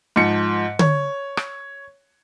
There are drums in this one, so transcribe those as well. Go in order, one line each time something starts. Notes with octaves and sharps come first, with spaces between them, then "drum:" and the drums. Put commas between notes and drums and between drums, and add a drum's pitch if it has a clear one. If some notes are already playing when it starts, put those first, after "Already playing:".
G#2 F3 C#7
C#5, drum: tom D3
drum: rim click